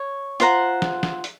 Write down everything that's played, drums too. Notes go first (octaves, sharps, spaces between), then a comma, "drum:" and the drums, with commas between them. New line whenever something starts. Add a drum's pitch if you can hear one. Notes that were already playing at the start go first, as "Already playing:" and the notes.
Already playing: C#5
F4 C5 F#5 A#5, drum: hi-hat
drum: snare
drum: snare
drum: hi-hat